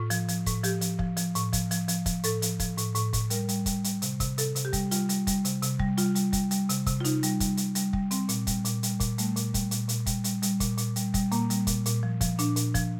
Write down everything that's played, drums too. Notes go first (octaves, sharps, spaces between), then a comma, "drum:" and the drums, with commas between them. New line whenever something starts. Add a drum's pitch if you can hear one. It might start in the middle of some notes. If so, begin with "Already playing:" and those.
Already playing: A2 F4
F3, drum: hi-hat
F3, drum: hi-hat
A2, drum: kick, hi-hat
F3 G4, drum: hi-hat
F3, drum: hi-hat
F3, drum: kick
F3, drum: hi-hat
A2, drum: hi-hat
F3, drum: kick, hi-hat
F3, drum: hi-hat
F3, drum: hi-hat
F3, drum: kick, hi-hat
A2 A4, drum: hi-hat
F3, drum: hi-hat
F3, drum: kick, hi-hat
A2, drum: hi-hat
A2, drum: hi-hat
A2, drum: kick, hi-hat
G3 A#4, drum: hi-hat
G3, drum: hi-hat
G3, drum: kick, hi-hat
G3, drum: hi-hat
C3, drum: hi-hat
C3, drum: kick, hi-hat
C3 A4, drum: hi-hat
C3, drum: hi-hat
G4
G3, drum: kick, hi-hat
G3 F4, drum: hi-hat
G3, drum: hi-hat
G3, drum: kick, hi-hat
C3, drum: hi-hat
C3, drum: hi-hat
G3, drum: kick
G3 F4, drum: hi-hat
G3, drum: hi-hat
G3, drum: kick, hi-hat
G3, drum: hi-hat
C3, drum: hi-hat
C3, drum: kick, hi-hat
F4
C3 D#4, drum: hi-hat
G3, drum: hi-hat
G3, drum: kick, hi-hat
G3, drum: hi-hat
G3, drum: hi-hat
G3, drum: kick
G3 C4, drum: hi-hat
A#2, drum: hi-hat
G3, drum: kick, hi-hat
A#2, drum: hi-hat
G3, drum: hi-hat
A#2, drum: kick, hi-hat
G3 A3, drum: hi-hat
A#2, drum: hi-hat
G3, drum: kick, hi-hat
A#2, drum: hi-hat
A#2, drum: hi-hat
G3, drum: kick, hi-hat
G3, drum: hi-hat
G3, drum: hi-hat
A#2, drum: kick, hi-hat
A#2, drum: hi-hat
G3, drum: hi-hat
G3, drum: kick, hi-hat
A#2 A#3, drum: hi-hat
G3, drum: hi-hat
A#2, drum: kick, hi-hat
A#2, drum: hi-hat
F3
F3, drum: kick, hi-hat
A#2 D4, drum: hi-hat
A#2, drum: hi-hat
F3, drum: kick, hi-hat